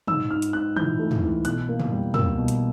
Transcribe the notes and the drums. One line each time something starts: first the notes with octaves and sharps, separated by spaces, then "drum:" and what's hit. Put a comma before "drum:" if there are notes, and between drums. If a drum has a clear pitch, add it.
G#2 E6, drum: tom
G#2 F6
drum: hi-hat
G#2 F#6
E3 G6, drum: tom
A3
drum: tom
E3
B2 F#6, drum: hi-hat
A#3
drum: tom
G3
A#3 E6, drum: tom
B2
drum: hi-hat